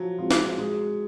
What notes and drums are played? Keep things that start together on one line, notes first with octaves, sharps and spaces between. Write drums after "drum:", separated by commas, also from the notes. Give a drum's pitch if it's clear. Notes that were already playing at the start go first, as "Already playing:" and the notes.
Already playing: F3 F#3
G#3 C4 F4
drum: snare
G#3